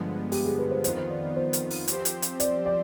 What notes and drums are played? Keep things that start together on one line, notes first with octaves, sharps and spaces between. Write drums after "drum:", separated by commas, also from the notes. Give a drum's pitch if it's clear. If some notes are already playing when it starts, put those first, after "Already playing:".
Already playing: G2 D3 F3 G#3 B3
G4, drum: open hi-hat
G#4
B4
C5
F2 D#3 B3 F4 C5, drum: hi-hat
C5
D5
D5
C5
drum: hi-hat
drum: open hi-hat
F3 C4 G4 C5, drum: hi-hat
drum: hi-hat
drum: hi-hat
D5, drum: hi-hat
D5